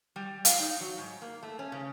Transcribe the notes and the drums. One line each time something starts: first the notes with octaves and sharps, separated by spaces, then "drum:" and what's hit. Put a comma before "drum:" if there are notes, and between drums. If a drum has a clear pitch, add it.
G3
F5, drum: hi-hat
D#4
F#3
G#2
A#3
A3
C#4
C#3